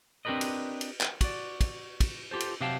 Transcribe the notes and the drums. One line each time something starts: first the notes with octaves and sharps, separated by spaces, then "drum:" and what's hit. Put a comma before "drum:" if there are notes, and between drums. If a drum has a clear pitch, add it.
C4 D4 G4 A#4 B4 D#5
drum: cymbal
drum: cymbal
drum: clap
F#4 D5, drum: kick, cymbal
drum: kick, cymbal
drum: kick, cymbal
F4 G4 A4 C5
drum: cymbal
C3 F#3 G4 F5 G5 A5